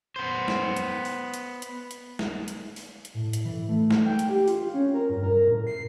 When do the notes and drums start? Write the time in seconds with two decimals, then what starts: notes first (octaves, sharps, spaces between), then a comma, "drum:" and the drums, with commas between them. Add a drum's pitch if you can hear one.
0.16 B3 C5
0.48 drum: snare
0.77 drum: hi-hat
1.05 drum: open hi-hat
1.34 drum: hi-hat
1.62 drum: hi-hat
1.91 drum: hi-hat
2.19 drum: snare
2.48 drum: hi-hat
2.76 drum: open hi-hat
3.05 drum: hi-hat
3.14 A2
3.33 drum: hi-hat
3.45 E3
3.69 A3
3.90 drum: snare
4.05 G5
4.19 drum: hi-hat
4.29 G4
4.48 F4, drum: open hi-hat
4.74 C#4
4.94 A#4
5.10 G2
5.23 A#4
5.48 A2
5.67 C7